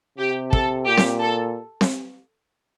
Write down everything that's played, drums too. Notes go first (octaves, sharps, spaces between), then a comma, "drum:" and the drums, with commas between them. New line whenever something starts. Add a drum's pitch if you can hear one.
C3 G4
A4, drum: kick
A#2 G4
drum: snare C4
A4
drum: snare C4